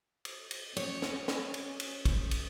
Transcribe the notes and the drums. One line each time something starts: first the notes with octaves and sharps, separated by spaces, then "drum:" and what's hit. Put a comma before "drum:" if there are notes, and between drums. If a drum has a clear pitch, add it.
drum: cymbal
drum: cymbal
C#4 C#5, drum: cymbal
drum: snare
drum: snare
drum: cymbal
drum: cymbal
drum: kick, cymbal
drum: cymbal